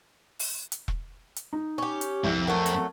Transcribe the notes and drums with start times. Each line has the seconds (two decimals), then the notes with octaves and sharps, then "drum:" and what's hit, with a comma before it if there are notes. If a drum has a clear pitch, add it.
0.39 drum: open hi-hat
0.72 drum: hi-hat
0.88 drum: kick E1
1.36 drum: hi-hat
1.53 D#4
1.78 C#4 G4
2.01 drum: hi-hat
2.24 C2 F2
2.47 F#3 A3 A#4
2.66 drum: hi-hat